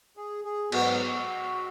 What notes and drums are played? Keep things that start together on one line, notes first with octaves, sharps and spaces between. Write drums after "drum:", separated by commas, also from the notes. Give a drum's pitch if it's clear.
G#4
G#4
G#2 F#3 B3 F#4, drum: cymbal